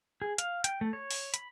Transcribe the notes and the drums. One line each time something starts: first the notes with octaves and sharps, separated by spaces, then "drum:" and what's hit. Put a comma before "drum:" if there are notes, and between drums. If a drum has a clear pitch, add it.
G#4
F5, drum: hi-hat
G5, drum: hi-hat
A3
C#5
drum: open hi-hat
B5, drum: hi-hat